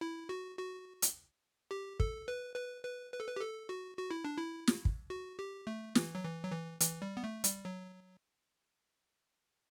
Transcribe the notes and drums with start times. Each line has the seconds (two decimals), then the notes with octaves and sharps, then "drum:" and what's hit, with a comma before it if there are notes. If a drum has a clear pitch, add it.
0.01 E4
0.29 F#4
0.58 F#4
1.02 drum: hi-hat
1.71 G4
2.00 A4, drum: kick
2.28 B4
2.56 B4
2.84 B4
3.13 B4
3.20 A4
3.27 B4
3.36 G4
3.41 A4
3.69 F#4
3.97 F#4
4.11 E4
4.25 D4
4.38 E4
4.67 drum: snare
4.85 drum: kick
5.10 F#4
5.39 G4
5.67 A3
5.95 E3, drum: snare
6.15 F#3
6.24 E3
6.43 F#3
6.52 E3
6.80 E3, drum: hi-hat
7.02 G3
7.17 B3
7.24 A3
7.44 G3, drum: hi-hat
7.65 F#3